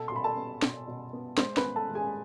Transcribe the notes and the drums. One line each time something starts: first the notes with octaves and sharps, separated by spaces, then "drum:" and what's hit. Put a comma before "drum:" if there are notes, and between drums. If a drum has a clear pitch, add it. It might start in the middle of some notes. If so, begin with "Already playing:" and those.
Already playing: B2 A4
C6
B2 B5
A4 A5
B3
B2, drum: snare
B2
B3
G#3 C5 C6, drum: snare
B4 B5, drum: snare
B3
A4 A5
G#3
G#4 G#5